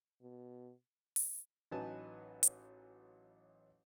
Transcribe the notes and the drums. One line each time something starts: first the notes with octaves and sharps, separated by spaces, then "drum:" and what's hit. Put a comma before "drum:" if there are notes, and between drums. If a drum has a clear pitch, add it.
B2
drum: open hi-hat
A1 F#3 D#4 B4 G#5 A5
drum: hi-hat